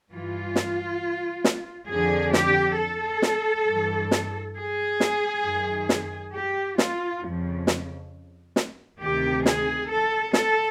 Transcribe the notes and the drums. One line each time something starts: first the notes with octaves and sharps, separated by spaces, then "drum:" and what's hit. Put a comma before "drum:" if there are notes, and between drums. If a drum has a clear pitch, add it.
G2 E3 F4
drum: snare
drum: snare
F2 D3 F3 G#4
G4, drum: snare
A4
drum: snare
G2 E3
drum: snare
G#4
drum: snare
F#2 D#3
drum: snare
G4
F4, drum: snare
F2 C#3 F3
drum: snare
drum: snare
D2 C3 D#3 G4
G#4, drum: snare
A4
A4, drum: snare